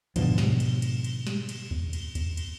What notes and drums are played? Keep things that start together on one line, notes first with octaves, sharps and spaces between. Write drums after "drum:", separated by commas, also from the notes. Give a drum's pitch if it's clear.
G#2 B2 D3 F3, drum: kick D#2, cymbal
drum: snare
drum: cymbal
drum: cymbal
drum: cymbal
drum: snare
drum: cymbal
drum: kick D#2
drum: cymbal
drum: kick D#2, cymbal
drum: cymbal